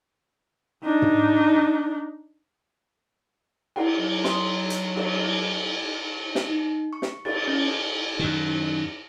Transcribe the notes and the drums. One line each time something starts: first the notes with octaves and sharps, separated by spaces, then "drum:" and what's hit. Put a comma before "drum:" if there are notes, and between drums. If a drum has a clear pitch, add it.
D4 D#4
drum: tom
E4 F#5 G5, drum: cymbal
F#3
C6 D#6, drum: snare
drum: hi-hat
drum: cymbal
drum: snare
D#4
C#6
drum: snare
A6, drum: cymbal
C#4
F#2 D#3